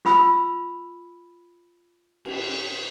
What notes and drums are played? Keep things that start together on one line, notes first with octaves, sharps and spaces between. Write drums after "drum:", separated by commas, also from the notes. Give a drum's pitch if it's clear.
F4 B5 E6, drum: snare
drum: cymbal